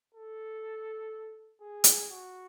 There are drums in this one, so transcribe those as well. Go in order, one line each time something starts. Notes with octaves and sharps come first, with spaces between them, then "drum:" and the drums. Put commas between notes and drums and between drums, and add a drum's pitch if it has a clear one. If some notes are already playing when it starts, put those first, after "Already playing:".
A4
G#4
drum: hi-hat
F#4